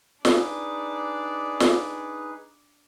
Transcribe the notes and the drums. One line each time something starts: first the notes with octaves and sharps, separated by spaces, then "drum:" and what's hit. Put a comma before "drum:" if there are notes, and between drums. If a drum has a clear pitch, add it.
D4 D#4 G#4 B4 D5, drum: snare
drum: snare